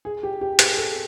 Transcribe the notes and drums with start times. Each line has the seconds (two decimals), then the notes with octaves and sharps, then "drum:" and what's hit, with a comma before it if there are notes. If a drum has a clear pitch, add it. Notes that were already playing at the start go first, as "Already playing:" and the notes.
0.05 G#4
0.23 G4
0.41 G4
0.59 G#4, drum: hi-hat
0.77 A4